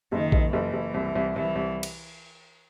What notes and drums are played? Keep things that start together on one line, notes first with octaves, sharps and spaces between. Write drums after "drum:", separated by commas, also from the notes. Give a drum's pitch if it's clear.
F#1 D#3
F#1, drum: kick A#1
F#1 E3
F#1
C2
C2
C2 E3
C2
drum: cymbal